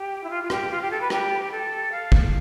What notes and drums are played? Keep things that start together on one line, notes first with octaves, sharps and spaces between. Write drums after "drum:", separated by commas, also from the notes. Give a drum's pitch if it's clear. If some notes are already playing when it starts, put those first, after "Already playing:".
Already playing: G4
E4
F4
F4
G4, drum: rim click
F4
G4
A4
B4
G4, drum: rim click
A4
F5
drum: kick